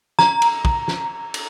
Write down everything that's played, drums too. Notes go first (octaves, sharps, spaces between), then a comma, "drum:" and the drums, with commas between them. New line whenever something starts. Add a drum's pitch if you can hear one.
A#5, drum: snare
drum: cymbal
drum: kick
drum: snare
drum: cymbal